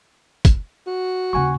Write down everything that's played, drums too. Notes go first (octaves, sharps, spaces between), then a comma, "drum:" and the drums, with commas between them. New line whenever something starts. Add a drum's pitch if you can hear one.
drum: kick, hi-hat
F#4
D#2 C#3 F#5 G#5 C#6